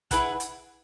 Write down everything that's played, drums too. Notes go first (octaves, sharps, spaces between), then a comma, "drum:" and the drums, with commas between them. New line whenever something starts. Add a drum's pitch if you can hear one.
E4 G#4 B4 F#5, drum: kick, hi-hat
drum: hi-hat